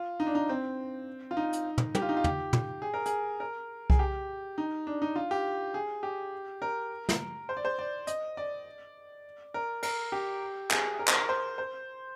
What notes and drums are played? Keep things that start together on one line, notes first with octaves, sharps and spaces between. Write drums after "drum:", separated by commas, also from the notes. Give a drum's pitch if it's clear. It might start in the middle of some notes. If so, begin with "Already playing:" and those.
Already playing: F4
D#4
D4
D#4
C4
F4
D#4
drum: hi-hat
drum: tom
G4, drum: tom
F4
D#4
F4
G4, drum: tom
drum: tom
G#4
A#4
G#4, drum: hi-hat
A#4
G#4, drum: kick C2
G4
D#4
D4
D#4
F4
G4
G#4
G4
A#4
drum: snare
C5
D5
C5
D5
D#5, drum: hi-hat
D5
A#4
A#4, drum: cymbal
G4
G#4, drum: clap
A#4
C5, drum: clap
A#4
C5
C5